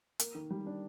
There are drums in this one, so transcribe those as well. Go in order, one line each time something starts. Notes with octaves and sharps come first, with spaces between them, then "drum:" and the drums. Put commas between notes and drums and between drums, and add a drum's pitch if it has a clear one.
A#3, drum: hi-hat
D#3
G3
D4